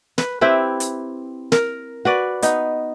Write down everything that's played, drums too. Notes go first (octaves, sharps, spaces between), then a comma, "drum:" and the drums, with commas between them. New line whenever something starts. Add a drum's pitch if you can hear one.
B4, drum: snare
C4 E4 G4 B4
drum: hi-hat
A#4, drum: snare
F#4 B4 D5
B3 D#4, drum: hi-hat